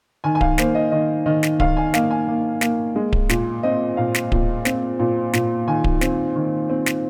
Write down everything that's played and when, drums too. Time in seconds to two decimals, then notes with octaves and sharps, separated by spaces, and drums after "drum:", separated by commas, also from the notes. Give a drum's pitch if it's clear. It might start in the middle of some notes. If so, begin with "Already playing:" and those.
0.24 D#3 G#5
0.35 G#5
0.41 F5, drum: kick D1
0.58 A#3 C5, drum: snare
0.75 D#5
0.92 D#3 D#5
1.26 D#3 D#5
1.43 drum: snare
1.60 D#3 F5, drum: kick D1
1.77 G#5
1.94 A#3 F5, drum: snare
2.11 G#5
2.28 A#3
2.61 A#3, drum: snare
2.96 G#3
3.13 drum: kick D1
3.29 A#2, drum: snare
3.63 C4 D#5
3.97 A#2 F5
4.14 drum: snare
4.32 A#2, drum: kick D1
4.65 C4, drum: snare
5.00 A#2
5.33 A#2, drum: snare
5.67 D#3 G#5
5.84 drum: kick D1
6.01 C4, drum: snare
6.35 D#3
6.70 C4
6.86 drum: snare